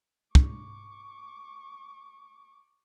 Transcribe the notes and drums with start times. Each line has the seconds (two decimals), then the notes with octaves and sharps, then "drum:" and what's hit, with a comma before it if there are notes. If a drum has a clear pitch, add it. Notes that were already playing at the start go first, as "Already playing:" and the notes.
0.35 C#6 D6, drum: kick